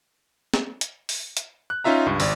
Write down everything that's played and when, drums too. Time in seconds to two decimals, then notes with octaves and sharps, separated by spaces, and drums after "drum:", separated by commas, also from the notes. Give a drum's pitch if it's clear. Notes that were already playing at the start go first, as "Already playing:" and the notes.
0.54 drum: snare
0.81 drum: hi-hat
1.09 drum: open hi-hat
1.37 drum: hi-hat
1.70 F#6
1.84 C#4 D#4 F4 E5 A#5
2.06 C#2 G2
2.20 G#1 D5, drum: open hi-hat